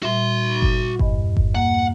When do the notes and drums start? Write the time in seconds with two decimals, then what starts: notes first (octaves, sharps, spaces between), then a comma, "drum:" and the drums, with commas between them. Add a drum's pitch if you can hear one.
0.03 A#2 G3 F#4 E5 C6
0.62 drum: kick G1
0.99 E2 G2 D#5, drum: kick G1
1.37 drum: kick G1
1.55 A#3 F#5